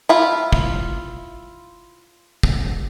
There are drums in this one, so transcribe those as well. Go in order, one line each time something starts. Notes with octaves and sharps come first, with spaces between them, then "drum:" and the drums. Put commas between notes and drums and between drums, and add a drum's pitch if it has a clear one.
E4 F4
drum: kick
drum: kick